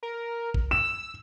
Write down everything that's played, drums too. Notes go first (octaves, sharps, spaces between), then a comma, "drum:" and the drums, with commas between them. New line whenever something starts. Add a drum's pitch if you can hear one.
A#4
drum: kick
E6 E7